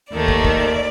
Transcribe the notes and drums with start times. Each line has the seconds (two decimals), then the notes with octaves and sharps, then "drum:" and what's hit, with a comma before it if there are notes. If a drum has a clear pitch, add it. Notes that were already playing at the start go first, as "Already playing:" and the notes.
0.12 D#2 D#3 A3 D5
0.28 drum: kick
0.45 drum: kick